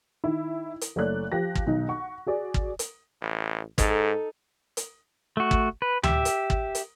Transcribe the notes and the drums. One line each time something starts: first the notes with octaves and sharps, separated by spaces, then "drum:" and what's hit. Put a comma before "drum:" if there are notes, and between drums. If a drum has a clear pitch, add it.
D#3 E4
drum: hi-hat
F#1 A3 C#5 D5 F#6
F3 G4 A#6
drum: kick
B1 D#3 D#4
F#5 C#6
F#4 G#4 D5
drum: kick
drum: hi-hat
A1
G#2 D#4 A4, drum: kick, hi-hat
drum: hi-hat
A3 F#4
drum: kick
B4
G4 E5, drum: tom D2
drum: hi-hat
drum: kick
drum: hi-hat